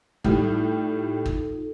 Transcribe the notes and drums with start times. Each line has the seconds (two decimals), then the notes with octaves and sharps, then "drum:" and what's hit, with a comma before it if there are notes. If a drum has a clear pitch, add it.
0.24 A2 G3 D#4 F4 A4, drum: kick
1.26 drum: kick